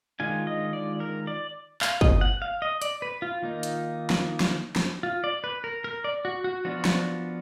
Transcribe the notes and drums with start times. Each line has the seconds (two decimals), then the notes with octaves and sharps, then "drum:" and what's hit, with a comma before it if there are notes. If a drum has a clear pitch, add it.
0.20 D#3 G#3 D4 F4 G#5
0.47 D#5
0.73 D5
1.00 A#4
1.27 D5
1.81 F5, drum: clap
2.01 D#5, drum: kick
2.21 F#5
2.42 F5
2.62 D#5
2.82 D5, drum: hi-hat
3.02 B4
3.22 F4
3.42 D#3 A#3 D#4
3.63 drum: hi-hat
4.10 drum: snare
4.41 drum: snare
4.76 drum: snare
5.03 F4
5.24 D5
5.44 B4
5.64 A#4
5.84 A#4
6.04 D5
6.25 F#4
6.44 F#4
6.65 F3 B3 D4 F4 F#4
6.85 drum: snare